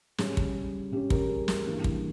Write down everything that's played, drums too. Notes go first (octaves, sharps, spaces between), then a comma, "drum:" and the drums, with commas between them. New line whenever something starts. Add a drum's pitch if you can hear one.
C#3 G3 C#4 G#4, drum: snare
drum: kick
C#3 G3 C#4 G4
G4 A#4, drum: kick
G#4
G#4, drum: snare
G2 E3 A#3
drum: kick